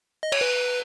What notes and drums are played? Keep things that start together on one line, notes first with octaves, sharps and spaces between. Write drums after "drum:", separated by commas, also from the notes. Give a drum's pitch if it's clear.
D#5
C#5, drum: cymbal
B4